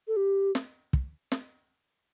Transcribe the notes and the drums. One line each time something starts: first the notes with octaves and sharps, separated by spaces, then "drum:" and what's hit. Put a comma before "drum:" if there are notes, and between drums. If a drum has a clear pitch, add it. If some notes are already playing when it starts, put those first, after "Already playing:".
A4
G4
drum: snare
drum: kick
drum: snare